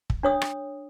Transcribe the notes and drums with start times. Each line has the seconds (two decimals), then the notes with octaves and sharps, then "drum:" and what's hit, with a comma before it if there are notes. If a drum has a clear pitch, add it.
0.10 drum: kick
0.23 D4 C#5 D#6
0.42 drum: rim click